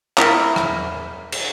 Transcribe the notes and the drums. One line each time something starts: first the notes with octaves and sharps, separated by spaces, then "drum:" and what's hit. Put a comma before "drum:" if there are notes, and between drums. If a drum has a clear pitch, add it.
E4 A#4 E5, drum: clap
drum: rim click
drum: cymbal